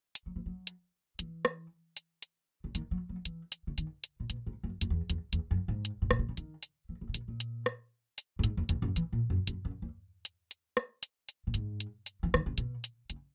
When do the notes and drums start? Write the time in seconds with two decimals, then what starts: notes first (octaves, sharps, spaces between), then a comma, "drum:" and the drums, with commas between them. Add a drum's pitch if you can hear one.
0.15 drum: hi-hat
0.26 F#3
0.36 E3
0.46 F#3
0.67 drum: hi-hat
1.19 E3, drum: hi-hat
1.45 drum: rim click
1.97 drum: hi-hat
2.22 drum: hi-hat
2.64 C#3
2.75 D#3, drum: hi-hat
2.91 F#3
3.09 F#3
3.25 E3, drum: hi-hat
3.52 drum: hi-hat
3.67 C#3
3.78 D#3, drum: hi-hat
4.04 drum: hi-hat
4.20 A#2
4.30 B2, drum: hi-hat
4.47 G#2
4.63 F#2
4.81 F#2, drum: hi-hat
4.90 E2
5.10 E2, drum: hi-hat
5.33 E2, drum: hi-hat
5.51 F#2
5.68 G#2
5.85 drum: hi-hat
6.02 G#2
6.11 A#2, drum: rim click
6.19 B2
6.29 C#3
6.37 D#3, drum: hi-hat
6.63 drum: hi-hat
6.89 E3
7.01 C#3
7.09 A#2
7.14 B2, drum: hi-hat
7.28 A#2
7.40 drum: hi-hat
7.66 drum: rim click
8.18 drum: hi-hat
8.39 F#2
8.44 G#2, drum: hi-hat
8.57 E2
8.69 E2, drum: hi-hat
8.82 F#2
8.96 E3, drum: hi-hat
9.12 A#2
9.30 F#2
9.47 F#2, drum: hi-hat
9.65 F#2
9.82 E2
10.25 drum: hi-hat
10.51 drum: hi-hat
10.77 drum: rim click
11.03 drum: hi-hat
11.29 drum: hi-hat
11.47 A#2
11.54 G#2, drum: hi-hat
11.80 drum: hi-hat
12.06 drum: hi-hat
12.23 E3
12.34 D#3, drum: rim click
12.46 C#3
12.58 B2, drum: hi-hat
12.84 drum: hi-hat
13.10 C#3, drum: hi-hat